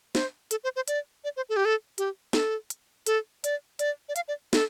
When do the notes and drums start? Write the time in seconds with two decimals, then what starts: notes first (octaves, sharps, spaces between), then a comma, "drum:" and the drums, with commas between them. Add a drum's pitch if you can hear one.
0.15 C5, drum: snare
0.51 A4, drum: hi-hat
0.64 C5
0.76 C5
0.88 D5, drum: hi-hat
1.24 D5
1.37 C5
1.49 A4
1.57 G4
1.65 A4
1.98 G4, drum: hi-hat
2.33 A4, drum: snare
2.70 drum: hi-hat
3.07 A4, drum: hi-hat
3.44 D5, drum: hi-hat
3.79 D5, drum: hi-hat
4.09 D5
4.16 F5, drum: hi-hat
4.28 D5
4.53 A4, drum: snare